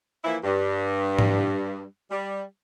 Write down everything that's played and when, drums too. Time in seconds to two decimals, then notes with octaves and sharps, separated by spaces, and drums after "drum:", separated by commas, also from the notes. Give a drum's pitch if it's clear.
0.24 E3 F3 A#3 E4
0.44 G2
1.19 drum: tom G#2
2.10 G3